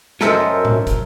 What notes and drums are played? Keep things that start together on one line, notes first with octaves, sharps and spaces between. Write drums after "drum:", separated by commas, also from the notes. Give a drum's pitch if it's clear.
F#2 F#3 A4 A#4 C5 D#5 E5, drum: snare
drum: tom A2
drum: kick, hi-hat